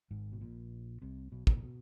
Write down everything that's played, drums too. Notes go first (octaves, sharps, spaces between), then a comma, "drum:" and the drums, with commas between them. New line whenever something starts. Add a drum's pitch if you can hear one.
G#1 G#2
B2
A#1 A#2
C2 C3
B1 B2
A#1 A#2, drum: kick
B2